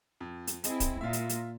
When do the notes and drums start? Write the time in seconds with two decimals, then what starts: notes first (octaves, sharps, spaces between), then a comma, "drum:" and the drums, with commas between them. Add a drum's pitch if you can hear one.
0.21 F2
0.47 drum: hi-hat
0.64 C4 E4 G#4 D#5 G#5, drum: hi-hat
0.80 drum: kick, hi-hat
1.01 A#2 F4 E5
1.13 drum: hi-hat
1.29 drum: hi-hat